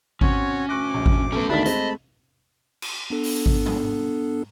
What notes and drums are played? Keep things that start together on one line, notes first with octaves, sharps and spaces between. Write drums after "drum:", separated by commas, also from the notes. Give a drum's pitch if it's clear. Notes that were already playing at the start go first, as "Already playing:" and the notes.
C4 C#4 F#4 C#5, drum: kick G#1
D2 C#6 D6 F#6 A#6
A#1
drum: kick G#1
A3 B3 C#4 F#4
D2 D#3 G#3 B3 D4 A5 B5 B6
G#3 A3 C4 D#5, drum: hi-hat
drum: cymbal
B3 D4 A4
drum: open hi-hat
drum: kick G#1
drum: tom G#2